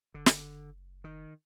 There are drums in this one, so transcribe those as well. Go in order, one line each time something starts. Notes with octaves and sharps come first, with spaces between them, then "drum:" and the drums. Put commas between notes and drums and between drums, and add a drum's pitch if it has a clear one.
F#1 D3
drum: snare
D#3